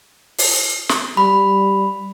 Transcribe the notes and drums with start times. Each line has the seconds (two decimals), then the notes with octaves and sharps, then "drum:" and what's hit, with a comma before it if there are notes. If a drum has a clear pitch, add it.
0.38 drum: open hi-hat
0.89 drum: snare
1.17 G3 B5